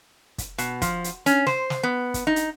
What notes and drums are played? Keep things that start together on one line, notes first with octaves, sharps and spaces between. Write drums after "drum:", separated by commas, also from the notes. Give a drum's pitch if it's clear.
drum: kick, hi-hat
B2, drum: hi-hat
F3, drum: kick, hi-hat
drum: hi-hat
C#4, drum: hi-hat
C5, drum: snare
drum: snare
B3
drum: kick, hi-hat
D#4
drum: hi-hat